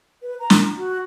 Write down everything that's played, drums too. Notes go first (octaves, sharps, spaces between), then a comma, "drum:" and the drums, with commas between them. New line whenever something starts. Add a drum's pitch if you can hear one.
B4
A#5
drum: snare
F#4